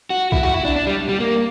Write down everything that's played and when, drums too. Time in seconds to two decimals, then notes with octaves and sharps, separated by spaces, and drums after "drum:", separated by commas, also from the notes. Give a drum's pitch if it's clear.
0.10 F#4
0.32 E4, drum: kick
0.43 F#4
0.54 E4
0.65 D4
0.76 D4
0.87 G3
1.09 G3
1.20 A#3